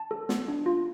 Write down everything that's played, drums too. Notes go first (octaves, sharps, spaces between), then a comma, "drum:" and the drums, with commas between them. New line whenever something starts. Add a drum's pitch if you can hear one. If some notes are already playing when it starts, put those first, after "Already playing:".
Already playing: A5
A4
B3, drum: snare
D4
F4